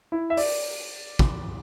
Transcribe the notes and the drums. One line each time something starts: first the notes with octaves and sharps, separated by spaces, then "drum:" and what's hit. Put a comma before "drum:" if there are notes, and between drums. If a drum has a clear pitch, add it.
E4
E5
D5, drum: open hi-hat
drum: kick